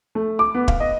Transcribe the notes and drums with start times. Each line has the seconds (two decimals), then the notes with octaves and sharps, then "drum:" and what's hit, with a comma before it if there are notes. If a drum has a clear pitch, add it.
0.15 A3
0.39 D6
0.55 B3
0.68 F5, drum: kick
0.80 D#5